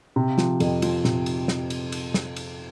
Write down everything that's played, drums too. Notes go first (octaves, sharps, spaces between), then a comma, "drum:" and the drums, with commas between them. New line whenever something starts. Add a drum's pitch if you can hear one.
C3
F3, drum: snare
F2, drum: cymbal
F3, drum: cymbal
C3, drum: snare
drum: cymbal
drum: snare
drum: cymbal
drum: cymbal
drum: snare
drum: cymbal